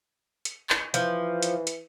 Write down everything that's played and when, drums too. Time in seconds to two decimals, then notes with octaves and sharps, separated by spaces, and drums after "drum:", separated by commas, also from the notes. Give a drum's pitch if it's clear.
0.45 drum: hi-hat
0.70 drum: clap
0.94 E3 F3, drum: hi-hat
1.43 drum: hi-hat
1.67 drum: hi-hat